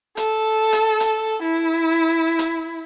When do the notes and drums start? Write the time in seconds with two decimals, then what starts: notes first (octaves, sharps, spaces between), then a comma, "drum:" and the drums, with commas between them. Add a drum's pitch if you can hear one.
0.17 A4, drum: hi-hat
0.73 drum: hi-hat
1.00 drum: hi-hat
1.42 E4
2.39 drum: hi-hat